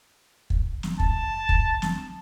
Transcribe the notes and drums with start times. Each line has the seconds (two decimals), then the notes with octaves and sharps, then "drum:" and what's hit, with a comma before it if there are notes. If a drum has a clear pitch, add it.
0.50 drum: kick
0.83 drum: snare
1.00 A5, drum: kick
1.49 drum: kick
1.82 drum: snare